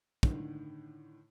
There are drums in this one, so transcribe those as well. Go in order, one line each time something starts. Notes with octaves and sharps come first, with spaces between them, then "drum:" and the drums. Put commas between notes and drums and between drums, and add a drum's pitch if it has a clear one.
A2 D3 D#3, drum: kick